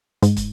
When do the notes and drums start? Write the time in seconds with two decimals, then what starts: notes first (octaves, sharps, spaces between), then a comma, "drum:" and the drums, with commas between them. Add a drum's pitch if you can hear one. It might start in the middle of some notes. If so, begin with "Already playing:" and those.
0.22 G#2, drum: hi-hat
0.37 drum: kick, hi-hat